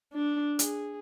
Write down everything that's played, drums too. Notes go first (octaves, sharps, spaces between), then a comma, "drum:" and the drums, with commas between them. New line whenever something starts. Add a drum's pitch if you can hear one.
D4
G#4, drum: hi-hat